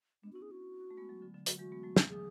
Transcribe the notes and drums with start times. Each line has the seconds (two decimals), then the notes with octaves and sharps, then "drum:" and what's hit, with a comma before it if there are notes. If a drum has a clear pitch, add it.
0.23 G#3 B3 D4
0.33 C#4 E4 F#4
0.42 G#4
0.51 F#4
0.91 A3
0.97 G#3 B3
1.09 F#3 A3
1.22 D3 F#3
1.34 D3 F#3
1.46 D3 F#3 F#4, drum: hi-hat
1.59 E3 G#3 F#4
1.72 G#3 B3
1.83 F#3 A3
1.96 F#3, drum: snare
2.03 E3
2.08 D3 F#3 G#4